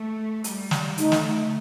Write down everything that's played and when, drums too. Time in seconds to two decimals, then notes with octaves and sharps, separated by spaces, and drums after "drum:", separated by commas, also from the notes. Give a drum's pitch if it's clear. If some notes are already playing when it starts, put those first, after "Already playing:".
Already playing: A3
0.44 G3, drum: hi-hat
0.71 drum: snare
0.98 A3 D#4, drum: hi-hat
1.12 drum: snare